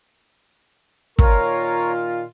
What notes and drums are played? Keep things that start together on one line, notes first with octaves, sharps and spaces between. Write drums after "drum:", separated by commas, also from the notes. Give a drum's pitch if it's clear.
A#2 D#3 F4 A#4 C#5, drum: kick